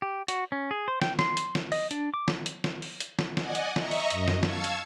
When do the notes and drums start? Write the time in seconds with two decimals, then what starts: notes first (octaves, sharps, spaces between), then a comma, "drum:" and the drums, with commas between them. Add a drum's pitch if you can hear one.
0.02 G4
0.28 F#4, drum: hi-hat
0.52 C#4
0.71 G#4
0.88 C5
1.02 G5, drum: snare
1.19 C6, drum: snare
1.37 drum: hi-hat
1.55 drum: snare
1.72 D#5, drum: open hi-hat
1.91 D4, drum: hi-hat
2.14 D6
2.28 drum: snare
2.46 drum: hi-hat
2.64 drum: snare
2.82 drum: open hi-hat
3.00 drum: hi-hat
3.19 drum: snare
3.37 D5 D#5 F#5 G#5, drum: snare
3.55 drum: hi-hat
3.76 D#5 E5 A#5 C#6, drum: snare
3.91 drum: open hi-hat
4.10 F#2 D#5, drum: hi-hat
4.28 drum: snare
4.43 F5 A5 C#6 E6 G#6, drum: snare
4.64 drum: hi-hat